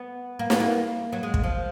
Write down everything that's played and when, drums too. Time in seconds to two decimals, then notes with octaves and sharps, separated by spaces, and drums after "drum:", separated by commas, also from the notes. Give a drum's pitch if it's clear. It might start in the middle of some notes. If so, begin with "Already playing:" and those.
Already playing: B3
0.39 A#3
0.50 B3, drum: snare
0.60 A#3
1.12 F#3
1.23 G#3
1.34 drum: kick
1.44 F3